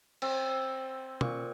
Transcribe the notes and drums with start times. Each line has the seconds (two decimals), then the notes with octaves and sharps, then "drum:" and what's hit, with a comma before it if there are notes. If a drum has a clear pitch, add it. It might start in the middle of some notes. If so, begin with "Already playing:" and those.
0.22 C4, drum: cymbal
1.21 A#2 C#6, drum: tom